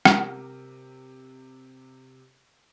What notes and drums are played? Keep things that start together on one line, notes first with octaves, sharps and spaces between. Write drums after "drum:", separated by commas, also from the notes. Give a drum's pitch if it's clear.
C3 G4 A#4, drum: rim click